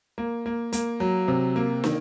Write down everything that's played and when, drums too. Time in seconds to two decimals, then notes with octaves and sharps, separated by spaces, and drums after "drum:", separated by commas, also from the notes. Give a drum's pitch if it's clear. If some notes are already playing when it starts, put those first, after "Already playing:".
0.18 A#3
0.46 A#3
0.73 A#3, drum: hi-hat
1.00 F#3
1.28 C3
1.56 A#3
1.84 D#3, drum: snare